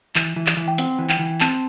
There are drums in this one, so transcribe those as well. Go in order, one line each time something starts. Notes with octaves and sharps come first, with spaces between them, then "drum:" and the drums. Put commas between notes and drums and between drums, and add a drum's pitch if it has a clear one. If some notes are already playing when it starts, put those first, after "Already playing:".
E3, drum: clap
E3
drum: clap
E3
G5
C4 F#5, drum: hi-hat
E3
G5, drum: clap
E3
C4 A5, drum: clap